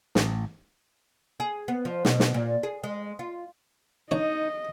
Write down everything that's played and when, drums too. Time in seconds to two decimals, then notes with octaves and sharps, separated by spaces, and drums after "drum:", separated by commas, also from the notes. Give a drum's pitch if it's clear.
0.15 A1, drum: snare
1.40 G#4
1.68 B3
1.85 F3
2.05 B2, drum: snare
2.20 drum: snare
2.34 A#2
2.63 G#4
2.84 G#3
3.19 F4
4.11 D4 D#4 C#5 D#5